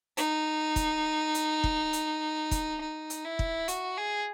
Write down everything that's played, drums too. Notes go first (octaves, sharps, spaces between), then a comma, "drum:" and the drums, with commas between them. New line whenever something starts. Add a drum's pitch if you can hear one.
D#4, drum: hi-hat
drum: kick, hi-hat
drum: hi-hat
drum: kick
drum: hi-hat
drum: kick, hi-hat
D#4
drum: hi-hat
E4
drum: kick
F#4, drum: hi-hat
G#4